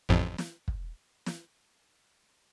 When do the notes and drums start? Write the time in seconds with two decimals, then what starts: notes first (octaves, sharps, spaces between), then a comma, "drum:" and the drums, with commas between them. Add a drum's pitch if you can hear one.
0.09 A1 F2
0.38 drum: snare
0.68 drum: kick
1.26 drum: snare